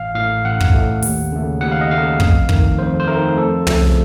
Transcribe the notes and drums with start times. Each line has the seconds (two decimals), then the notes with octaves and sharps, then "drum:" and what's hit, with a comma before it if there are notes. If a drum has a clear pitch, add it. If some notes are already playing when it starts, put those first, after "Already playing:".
Already playing: A1 F5
0.15 A2 A3 F5
0.45 A1 F#5
0.60 drum: kick
0.74 A2 A3
1.02 D#2, drum: open hi-hat
1.32 C#3 A3
1.61 D#2 F#5
1.72 F5
1.81 D#5
1.90 C#3 A3 F5
2.20 F2, drum: kick
2.49 D#3 A3, drum: kick
2.78 F2 C5
3.00 C5
3.07 D#3 A3 A#4
3.37 F2 A4
3.67 C#3 F3 A3, drum: tom